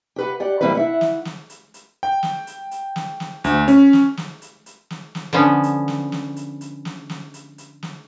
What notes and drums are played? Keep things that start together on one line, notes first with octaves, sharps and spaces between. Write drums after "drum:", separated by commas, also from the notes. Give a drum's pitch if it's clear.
G4 B4 F#5
G4 D5 F#5
A2 E3 G3 A#3 C4 B4
E4 E5 F#5
drum: snare
drum: snare
drum: hi-hat
drum: hi-hat
G5
drum: snare
drum: hi-hat
drum: hi-hat
drum: snare
drum: snare
D2, drum: hi-hat
C#4, drum: hi-hat
drum: snare
drum: snare
drum: hi-hat
drum: hi-hat
drum: snare
drum: snare
D3 F3 B3 C#4
drum: hi-hat
drum: snare
drum: snare
drum: hi-hat
drum: hi-hat
drum: snare
drum: snare
drum: hi-hat
drum: hi-hat
drum: snare